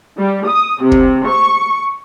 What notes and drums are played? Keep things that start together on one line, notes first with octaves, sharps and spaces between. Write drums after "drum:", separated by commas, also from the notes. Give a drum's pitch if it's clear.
G3
D#6
C3
drum: kick
C#6